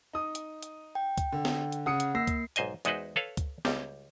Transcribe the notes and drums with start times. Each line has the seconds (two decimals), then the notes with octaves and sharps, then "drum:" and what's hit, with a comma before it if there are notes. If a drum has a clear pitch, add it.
0.13 D#4 D#6
0.35 drum: hi-hat
0.63 drum: hi-hat
0.95 G5
1.17 drum: kick C#2, hi-hat
1.32 D3
1.45 drum: snare
1.72 drum: hi-hat
1.86 C#3 F#5 D#6 C#7
2.00 drum: hi-hat
2.15 A#3 E6 A#6 C7
2.27 drum: kick C#2, hi-hat
2.56 B1 G#2 C5 D#5 G#5, drum: hi-hat
2.85 E2 G#3 D#4 F#4 B4 C5, drum: hi-hat
3.16 A4 B4 C#5 F5
3.37 drum: kick C#2, hi-hat
3.65 C#2 G3, drum: snare